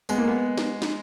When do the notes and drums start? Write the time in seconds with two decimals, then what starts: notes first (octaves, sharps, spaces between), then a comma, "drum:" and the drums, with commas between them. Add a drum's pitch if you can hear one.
0.09 G#3 B3, drum: tambourine
0.18 A#3
0.27 B3
0.58 drum: snare
0.82 drum: snare